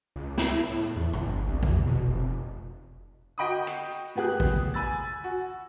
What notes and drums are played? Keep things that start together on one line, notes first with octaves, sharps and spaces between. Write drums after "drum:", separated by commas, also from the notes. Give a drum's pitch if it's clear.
C#2
E4, drum: snare
A2
E2
G1, drum: tom A#2
C2
E2, drum: kick
B2
F1
F#4 D#5 G5 B5 C#6 D#6
drum: hi-hat
A2 B3 G4 G#4 F#6
drum: kick
G#5 B5 E6 A6
F#4